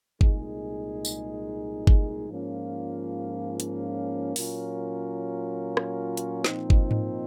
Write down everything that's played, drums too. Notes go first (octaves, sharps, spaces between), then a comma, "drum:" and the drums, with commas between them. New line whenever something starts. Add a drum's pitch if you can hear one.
C2 A#2 G#3 D#4 G#4, drum: kick G1
drum: tambourine
drum: kick G1
G#2 F3 A#3 C#4 F4
drum: hi-hat
A#2 F#3 C#4 F4 A#4, drum: open hi-hat
drum: rim click
drum: hi-hat
A#2 F3 C4 D#4, drum: snare
drum: kick G1
drum: tom G#2